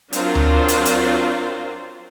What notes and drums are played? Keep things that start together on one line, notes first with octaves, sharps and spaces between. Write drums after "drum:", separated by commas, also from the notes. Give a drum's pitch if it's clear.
F#3 C4 D4 F4 A#4 C5, drum: hi-hat
drum: tom D2
drum: hi-hat
drum: hi-hat